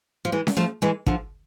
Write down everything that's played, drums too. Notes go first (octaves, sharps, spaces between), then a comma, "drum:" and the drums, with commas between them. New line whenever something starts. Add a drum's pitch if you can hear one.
F3
E3 G#3
drum: snare C#4
F3 A3
E3 G#3
D3 F3, drum: kick